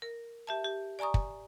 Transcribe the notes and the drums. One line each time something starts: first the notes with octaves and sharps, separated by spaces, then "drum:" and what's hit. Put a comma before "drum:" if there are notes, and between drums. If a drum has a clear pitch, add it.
A#4
G4 E5 A5
G4
D5 G#5 A#5 C#6 D#6
drum: kick